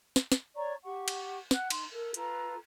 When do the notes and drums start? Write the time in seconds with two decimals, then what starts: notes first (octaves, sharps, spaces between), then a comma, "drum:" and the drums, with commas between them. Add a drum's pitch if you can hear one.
0.16 drum: snare
0.32 drum: snare
0.55 C#5 D5 A#5 C#6
0.83 G4 F#5 C#6
1.08 drum: cymbal
1.51 F#5 F#6, drum: snare
1.70 D#4 C6, drum: cymbal
1.90 A4 A#4
2.14 F4 A4 B4 A#5, drum: hi-hat